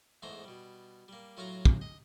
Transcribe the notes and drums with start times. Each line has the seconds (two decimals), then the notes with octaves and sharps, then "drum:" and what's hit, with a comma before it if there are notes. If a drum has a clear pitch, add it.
0.22 E2 G#2 A3 C5 A#5
0.44 B2 G3
1.08 G3 A#3
1.37 A2 F#3 F4 F#4 F5 A#5
1.65 drum: kick
1.81 D#5